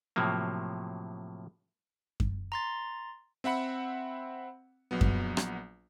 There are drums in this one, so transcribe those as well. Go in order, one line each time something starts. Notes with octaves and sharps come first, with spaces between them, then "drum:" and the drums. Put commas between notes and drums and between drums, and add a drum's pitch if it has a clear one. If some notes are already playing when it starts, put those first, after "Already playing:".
A2 C3 F3 F#3 A#3
drum: kick F#2
A#5 C6 A6
C4 E5 F#5 B5 C#7
A#1 F#3 B3
drum: kick F#2
drum: rim click